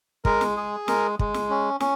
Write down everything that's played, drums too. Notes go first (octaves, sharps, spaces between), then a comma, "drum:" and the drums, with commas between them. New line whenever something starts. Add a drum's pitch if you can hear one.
G#3 A#4, drum: kick
drum: snare
G#4
G#3 A#4, drum: snare
G#3, drum: kick
drum: snare
C#4
C#4, drum: snare